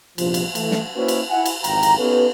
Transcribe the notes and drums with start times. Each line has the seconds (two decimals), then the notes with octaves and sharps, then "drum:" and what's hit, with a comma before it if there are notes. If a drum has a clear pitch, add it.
0.18 A#1 E2 G2 C3 F3, drum: cymbal
0.34 drum: cymbal
0.55 E3 A3, drum: cymbal
0.71 drum: snare
0.96 A#3 C#4 E4 F#4 B4 C5
1.08 drum: cymbal
1.30 E4 F#5 G#5
1.46 drum: cymbal
1.64 G#1 F2 E3 G5 A#5, drum: cymbal
1.83 drum: cymbal
1.98 B3 C#4 D#4 G4 A4 B4